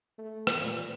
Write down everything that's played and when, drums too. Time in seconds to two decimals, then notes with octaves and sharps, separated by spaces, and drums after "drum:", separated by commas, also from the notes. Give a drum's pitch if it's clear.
0.19 A3
0.47 drum: rim click
0.61 A#2